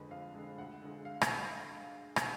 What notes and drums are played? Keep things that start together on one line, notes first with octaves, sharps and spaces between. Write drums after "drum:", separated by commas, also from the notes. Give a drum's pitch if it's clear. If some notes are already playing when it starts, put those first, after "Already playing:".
Already playing: F2 D3 G#3 B4
F2 F5
D3 G#3
D2 F#5
D3 G#3
F5
drum: rim click
drum: rim click